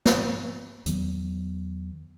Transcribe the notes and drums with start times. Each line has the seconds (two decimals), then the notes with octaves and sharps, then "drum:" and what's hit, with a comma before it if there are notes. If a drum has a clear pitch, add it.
0.05 drum: snare
0.86 E2 D#3 F#3 B3, drum: hi-hat